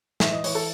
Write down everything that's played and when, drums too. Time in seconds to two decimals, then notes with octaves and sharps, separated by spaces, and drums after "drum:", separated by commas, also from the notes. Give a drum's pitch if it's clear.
0.20 E3 E5, drum: snare
0.32 D#5
0.44 E3 C#5, drum: open hi-hat
0.55 A4